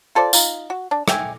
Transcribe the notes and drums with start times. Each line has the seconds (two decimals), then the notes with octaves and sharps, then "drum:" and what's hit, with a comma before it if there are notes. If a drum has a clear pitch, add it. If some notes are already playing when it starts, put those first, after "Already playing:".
0.15 F4 A4 C5 D5
0.33 D#4 F4, drum: tambourine
0.70 F#4
0.91 D4
1.08 E5 G5 G#5, drum: rim click